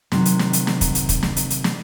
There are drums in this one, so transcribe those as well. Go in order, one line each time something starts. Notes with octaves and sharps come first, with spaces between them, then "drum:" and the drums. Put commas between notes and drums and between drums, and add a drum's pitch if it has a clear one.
C3 D#3 F#3, drum: snare
drum: hi-hat
drum: snare
drum: hi-hat
drum: snare
drum: kick, hi-hat
drum: hi-hat
drum: kick, hi-hat
drum: snare
drum: hi-hat
drum: hi-hat
drum: snare